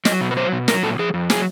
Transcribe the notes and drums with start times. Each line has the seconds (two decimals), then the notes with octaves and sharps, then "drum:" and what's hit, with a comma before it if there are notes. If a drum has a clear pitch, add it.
0.05 F#3 D#5, drum: snare
0.21 B2
0.31 B4
0.36 F#3 C5
0.52 B2
0.68 F#3 A#4, drum: snare
0.83 A#2 A4
0.99 F3 G#4
1.14 F2
1.30 F#3 G#4, drum: snare